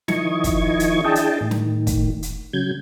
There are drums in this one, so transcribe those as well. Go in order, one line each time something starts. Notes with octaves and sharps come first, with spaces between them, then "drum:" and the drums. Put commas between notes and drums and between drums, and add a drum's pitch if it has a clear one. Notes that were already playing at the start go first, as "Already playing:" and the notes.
D#3 F3 E4 D#5 C#6 G#6, drum: snare
drum: kick, hi-hat
drum: hi-hat
D4 E4 G#4 D#5 G5 A5
drum: hi-hat
A2 D#3
drum: snare
drum: kick, hi-hat
drum: hi-hat
C#3 F#3 G6 G#6